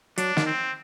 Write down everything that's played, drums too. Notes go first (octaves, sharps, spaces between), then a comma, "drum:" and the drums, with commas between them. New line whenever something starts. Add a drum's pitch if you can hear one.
F#3 D4, drum: hi-hat
D#3, drum: snare
C4